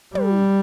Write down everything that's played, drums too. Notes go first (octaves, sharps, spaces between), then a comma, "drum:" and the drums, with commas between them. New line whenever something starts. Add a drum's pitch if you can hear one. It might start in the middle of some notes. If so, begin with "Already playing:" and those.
G3, drum: tom